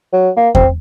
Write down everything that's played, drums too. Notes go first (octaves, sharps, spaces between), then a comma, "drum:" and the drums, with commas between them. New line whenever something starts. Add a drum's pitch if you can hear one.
F#3
A#3
C4, drum: kick E2